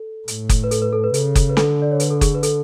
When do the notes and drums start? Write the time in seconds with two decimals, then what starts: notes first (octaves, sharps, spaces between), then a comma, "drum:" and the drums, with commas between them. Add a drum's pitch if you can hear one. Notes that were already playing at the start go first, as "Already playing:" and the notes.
Already playing: A4
0.28 A2, drum: hi-hat
0.49 drum: kick F#1, hi-hat
0.64 B4
0.71 A4, drum: hi-hat
0.82 B4
0.93 A4
1.04 B4
1.14 C#3 A4, drum: hi-hat
1.35 drum: kick F#1, hi-hat
1.50 B4
1.57 D3 A4, drum: snare
1.82 D5
1.91 C#5
2.00 B4, drum: hi-hat
2.11 A4
2.21 G#4, drum: kick F#1, hi-hat
2.35 B4
2.43 A4, drum: hi-hat